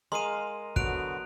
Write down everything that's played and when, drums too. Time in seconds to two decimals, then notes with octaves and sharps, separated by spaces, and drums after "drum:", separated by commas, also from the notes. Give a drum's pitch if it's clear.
0.12 G#3 A#4 D#5 F5 C6 D#7
0.76 D3 F#3 B3 F#4 F#6 D7 F7, drum: kick